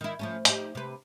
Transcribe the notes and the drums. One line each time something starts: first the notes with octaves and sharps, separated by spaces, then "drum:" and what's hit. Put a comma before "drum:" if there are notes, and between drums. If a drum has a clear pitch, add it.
D#3 E4
F3 A3 C#4
D#4 G4, drum: hi-hat
C3 B4